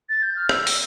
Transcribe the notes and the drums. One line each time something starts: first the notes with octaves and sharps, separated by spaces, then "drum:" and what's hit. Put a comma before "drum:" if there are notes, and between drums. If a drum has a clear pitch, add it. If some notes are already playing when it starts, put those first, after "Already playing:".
A6
G6
F6
E6, drum: rim click
drum: open hi-hat